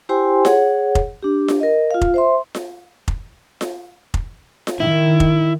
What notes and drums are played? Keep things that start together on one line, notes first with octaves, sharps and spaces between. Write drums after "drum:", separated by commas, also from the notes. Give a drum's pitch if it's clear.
E4 G4 C5 G5 G#5 C6
G#4 C#5 F#5, drum: snare F4
drum: kick F1
D4 G4
drum: snare F4
A#4 D#5
F4 F5
drum: kick F1
C5 E5 C6
drum: snare F4
drum: kick F1
drum: snare F4
drum: kick F1
drum: snare F4
D#3 E4
drum: kick F1